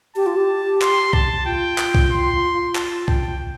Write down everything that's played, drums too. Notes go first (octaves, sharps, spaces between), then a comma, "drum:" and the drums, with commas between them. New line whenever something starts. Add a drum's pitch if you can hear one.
G4 A5
F4
G4
C6, drum: clap
A5, drum: kick B1
F4 G5
drum: clap
drum: kick B1
C6
A5, drum: clap
G5, drum: kick B1